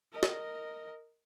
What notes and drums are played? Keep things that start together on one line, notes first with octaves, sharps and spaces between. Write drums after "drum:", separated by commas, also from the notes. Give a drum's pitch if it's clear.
A#4 D#5
drum: snare